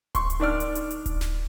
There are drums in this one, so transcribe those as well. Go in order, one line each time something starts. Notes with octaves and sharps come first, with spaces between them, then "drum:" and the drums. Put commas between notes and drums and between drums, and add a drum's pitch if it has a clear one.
C6 C#6, drum: kick D1, hi-hat
drum: hi-hat
D#3 D4 D5 F6
drum: hi-hat
drum: hi-hat
drum: hi-hat
drum: kick D1, hi-hat
drum: snare